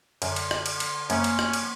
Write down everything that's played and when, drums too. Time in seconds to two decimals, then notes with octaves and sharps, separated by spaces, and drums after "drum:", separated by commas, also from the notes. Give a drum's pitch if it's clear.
0.22 F#2 D3, drum: cymbal
0.36 drum: cymbal
0.51 drum: rim click
0.66 drum: cymbal
0.80 drum: cymbal
1.10 F#2 C#3 A#3 C4 C#4 F#5, drum: cymbal
1.24 drum: cymbal
1.39 drum: rim click
1.53 drum: cymbal